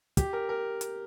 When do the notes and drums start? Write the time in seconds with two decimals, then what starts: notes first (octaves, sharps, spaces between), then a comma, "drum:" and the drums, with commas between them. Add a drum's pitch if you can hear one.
0.17 G4, drum: kick, hi-hat
0.33 A#4
0.49 A#4
0.81 drum: hi-hat